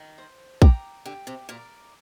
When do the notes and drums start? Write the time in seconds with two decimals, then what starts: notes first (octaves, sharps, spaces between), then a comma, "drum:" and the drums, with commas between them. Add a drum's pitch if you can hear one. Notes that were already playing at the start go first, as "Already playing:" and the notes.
Already playing: D#3
0.18 C5
0.62 G5 A#5 D6, drum: kick
1.06 D3 G4
1.27 C3
1.49 A#2 A#4 D5